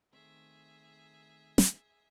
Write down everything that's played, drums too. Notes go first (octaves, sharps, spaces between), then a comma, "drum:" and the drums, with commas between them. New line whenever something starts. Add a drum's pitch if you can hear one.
D#3 A3 C4 G#4 E5
drum: snare